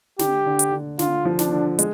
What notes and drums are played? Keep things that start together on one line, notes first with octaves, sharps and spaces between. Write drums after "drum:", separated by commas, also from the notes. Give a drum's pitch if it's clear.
D3 G4, drum: snare
D3
drum: hi-hat
D3
D3 F4, drum: snare
F3
D4, drum: snare
D3
G#3, drum: hi-hat